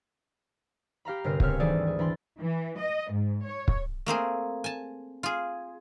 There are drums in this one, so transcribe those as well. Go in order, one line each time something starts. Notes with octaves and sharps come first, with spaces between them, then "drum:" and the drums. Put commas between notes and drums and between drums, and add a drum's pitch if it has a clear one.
G4 F5 A#5 B5
G1 C3 A#4 C7
C#3 C4 C#5 F6 B6, drum: kick
G#1 D2 E3 G#4 A4 D5
G#4
E3 D4 B5 C6 A6
E3
D#5
G#2
C#5
drum: kick
A3 A#3 C4 G#4
G#5 A5
F4 G#4